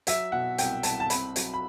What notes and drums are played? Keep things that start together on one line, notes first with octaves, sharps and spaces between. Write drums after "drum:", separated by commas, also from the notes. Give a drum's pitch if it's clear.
F#3 E5, drum: hi-hat
B2 F#5
C2 G5, drum: hi-hat
C2 A5, drum: hi-hat
A5
C4 B5, drum: hi-hat
F#3, drum: hi-hat
B5